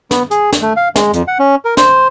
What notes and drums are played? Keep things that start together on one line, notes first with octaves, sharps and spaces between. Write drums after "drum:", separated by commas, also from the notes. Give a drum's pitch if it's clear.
B3, drum: snare
G#4, drum: hi-hat
drum: snare
A3
F5
G#3, drum: snare
F2, drum: hi-hat
F#5
C#4
A#4
C5, drum: snare